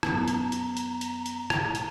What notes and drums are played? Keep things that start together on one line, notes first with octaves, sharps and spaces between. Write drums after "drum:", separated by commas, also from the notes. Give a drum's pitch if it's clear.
F#2 B3 A#5, drum: rim click
drum: hi-hat
drum: hi-hat
drum: hi-hat
drum: hi-hat
drum: hi-hat
drum: rim click
drum: hi-hat